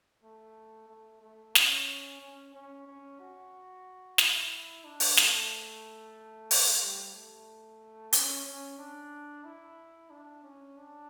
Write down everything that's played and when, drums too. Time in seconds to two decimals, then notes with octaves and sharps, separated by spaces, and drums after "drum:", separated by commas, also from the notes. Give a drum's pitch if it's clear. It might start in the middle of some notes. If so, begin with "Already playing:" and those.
0.23 A3
0.89 A3
1.21 A3
1.55 C#4, drum: snare
2.20 C#4
2.54 C#4
2.87 C#4
3.19 F#4
4.18 E4, drum: snare
4.85 D4
5.00 drum: open hi-hat
5.17 A3, drum: snare
6.51 drum: open hi-hat
6.81 G3
7.14 A3
8.13 C#4, drum: hi-hat
8.45 C#4
8.78 D4
9.44 E4
10.10 D4
10.43 C#4
10.77 D4